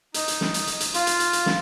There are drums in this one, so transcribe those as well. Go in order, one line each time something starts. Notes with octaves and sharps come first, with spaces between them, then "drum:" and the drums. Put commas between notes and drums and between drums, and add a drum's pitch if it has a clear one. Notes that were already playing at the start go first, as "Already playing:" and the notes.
D#4, drum: hi-hat
drum: hi-hat
drum: snare
drum: hi-hat
drum: hi-hat
drum: hi-hat
F4, drum: hi-hat
drum: hi-hat
drum: hi-hat
drum: hi-hat
drum: snare